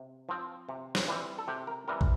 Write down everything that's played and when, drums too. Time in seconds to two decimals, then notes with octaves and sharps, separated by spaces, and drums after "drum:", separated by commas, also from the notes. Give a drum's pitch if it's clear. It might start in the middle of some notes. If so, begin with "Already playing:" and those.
Already playing: C3
0.29 F3 C4
0.69 C3
0.95 drum: snare
1.08 E3 G3 C4
1.38 A4
1.48 C3 G4
1.67 A#4
1.88 E3 G3 C4 A#4
2.01 drum: kick